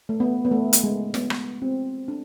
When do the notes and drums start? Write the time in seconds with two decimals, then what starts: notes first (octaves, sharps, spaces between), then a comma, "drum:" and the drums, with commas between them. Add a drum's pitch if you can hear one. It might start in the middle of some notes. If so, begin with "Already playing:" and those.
0.09 A3
0.20 B3
0.45 B3
0.51 A3
0.73 drum: hi-hat
0.84 G#3
1.14 B3, drum: snare
1.30 drum: rim click
1.62 C4
2.08 D4